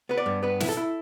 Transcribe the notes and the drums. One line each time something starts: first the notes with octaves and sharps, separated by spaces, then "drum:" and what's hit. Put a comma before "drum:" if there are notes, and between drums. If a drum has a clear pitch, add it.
B3 B4
D5
G2
B3 B4
E4, drum: snare
A4
E4